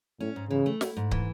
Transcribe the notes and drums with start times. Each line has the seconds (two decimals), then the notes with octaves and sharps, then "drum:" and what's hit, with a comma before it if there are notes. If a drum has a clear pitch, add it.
0.20 A2 C#4
0.36 G#2
0.50 C#3 E3
0.66 A3
0.81 E4, drum: snare
0.97 G#2
1.11 E3, drum: kick